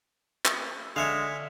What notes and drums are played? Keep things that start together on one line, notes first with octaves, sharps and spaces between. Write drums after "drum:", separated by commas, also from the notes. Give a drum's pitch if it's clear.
drum: clap
D3 G#3 C#5 E5 F5